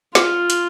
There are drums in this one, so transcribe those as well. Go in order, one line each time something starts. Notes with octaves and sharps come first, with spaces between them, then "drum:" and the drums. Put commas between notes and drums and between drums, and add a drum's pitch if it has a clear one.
F4, drum: snare
drum: hi-hat